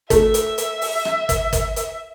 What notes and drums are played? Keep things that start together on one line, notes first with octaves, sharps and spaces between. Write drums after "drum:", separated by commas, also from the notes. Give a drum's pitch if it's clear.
A3 E5, drum: kick, hi-hat
drum: hi-hat
drum: hi-hat
drum: open hi-hat
drum: rim click
drum: kick, hi-hat
drum: kick, hi-hat
drum: hi-hat